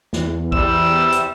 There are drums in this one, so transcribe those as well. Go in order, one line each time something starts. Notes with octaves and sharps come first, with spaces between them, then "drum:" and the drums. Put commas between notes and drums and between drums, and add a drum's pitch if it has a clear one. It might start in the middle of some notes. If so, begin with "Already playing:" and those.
E2, drum: snare
C3 G3 E6, drum: kick A#1
drum: hi-hat